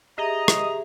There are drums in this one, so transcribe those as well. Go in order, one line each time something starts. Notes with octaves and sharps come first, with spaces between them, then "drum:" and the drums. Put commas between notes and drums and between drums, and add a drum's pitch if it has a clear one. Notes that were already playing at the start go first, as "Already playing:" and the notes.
G4 G#4 D#5 E5 A#5
drum: rim click